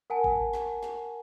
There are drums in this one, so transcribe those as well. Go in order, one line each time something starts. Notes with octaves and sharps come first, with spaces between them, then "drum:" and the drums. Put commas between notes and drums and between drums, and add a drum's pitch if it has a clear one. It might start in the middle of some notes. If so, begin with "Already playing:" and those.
A#4 F#5 G#5 A5
drum: kick G1
drum: snare
drum: snare